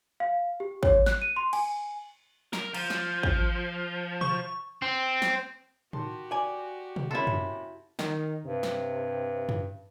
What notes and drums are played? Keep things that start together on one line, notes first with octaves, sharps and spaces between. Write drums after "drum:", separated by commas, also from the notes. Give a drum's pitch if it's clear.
F5
G4
C#5, drum: kick
F#6, drum: snare
D#7
C6
G#5, drum: cymbal
A#4, drum: snare
F3, drum: cymbal
drum: snare
drum: kick
C#6, drum: tom B2
C4
drum: snare
D#3 F#4 G4 A5 C6, drum: tom A2
D5 G#5
drum: tom B2
C3 A#3 C#4 E4 A4
drum: tom F#2
D#3, drum: snare
G2 C3
drum: snare
drum: tom F#2